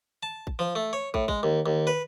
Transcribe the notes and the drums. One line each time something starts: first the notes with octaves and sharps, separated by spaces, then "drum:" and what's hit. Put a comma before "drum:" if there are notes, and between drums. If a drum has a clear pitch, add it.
A5
drum: kick
F3
A3
C#5
A2, drum: kick
G#3, drum: kick
D#2
D#2
B4